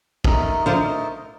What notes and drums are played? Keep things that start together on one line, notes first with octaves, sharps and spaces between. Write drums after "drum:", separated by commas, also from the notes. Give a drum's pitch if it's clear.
A3 D#4 A#4 D#5, drum: kick
D3 F3 A3 D#4 A#4 D#5